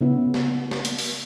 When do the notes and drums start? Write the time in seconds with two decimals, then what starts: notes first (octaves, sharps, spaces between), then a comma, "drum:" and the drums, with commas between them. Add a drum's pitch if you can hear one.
0.01 C#3 B3 E4
0.34 drum: snare
0.71 drum: snare
0.85 drum: hi-hat
0.99 drum: open hi-hat